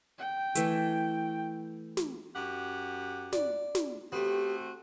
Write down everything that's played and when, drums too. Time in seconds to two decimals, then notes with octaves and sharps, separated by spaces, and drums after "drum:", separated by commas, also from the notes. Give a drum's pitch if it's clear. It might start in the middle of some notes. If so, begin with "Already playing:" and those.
0.18 G5
0.55 E3 A3, drum: hi-hat
1.97 drum: snare
2.35 F#2 G4 F#5
3.33 D5, drum: snare
3.75 drum: snare
4.12 A3 B3 C4 F#4 G4